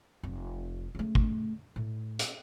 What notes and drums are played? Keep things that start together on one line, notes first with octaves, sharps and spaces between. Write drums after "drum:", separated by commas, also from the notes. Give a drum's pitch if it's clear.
F1
C#3 A3
drum: kick
A2
drum: hi-hat